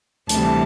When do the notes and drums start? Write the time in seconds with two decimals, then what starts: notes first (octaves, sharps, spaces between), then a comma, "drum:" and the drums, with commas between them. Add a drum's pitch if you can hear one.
0.29 D2 C3 E3 G3 A5, drum: hi-hat